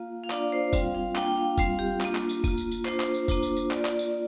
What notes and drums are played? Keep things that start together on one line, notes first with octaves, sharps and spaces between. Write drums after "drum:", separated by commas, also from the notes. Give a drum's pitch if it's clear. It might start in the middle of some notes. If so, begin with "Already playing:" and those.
Already playing: A#3 F4 F5
F5
A#3 D4 F4 D5, drum: clap
C5
G3 C4 F4 F5, drum: kick F1, tambourine
F5
A#3 D4 F4 G5, drum: clap
G5
F5
G3 C4 F4 F5, drum: kick F1, tambourine
G4
A#3 D4 F4, drum: clap
drum: clap
drum: tambourine
A#3 F4, drum: kick F1, tambourine
drum: tambourine
drum: tambourine
A#3 D4 F4 C5, drum: clap
drum: clap
drum: tambourine
A#3 D4 F4, drum: kick F1, tambourine
drum: tambourine
drum: tambourine
A#3 F4 D5, drum: clap
drum: clap
drum: tambourine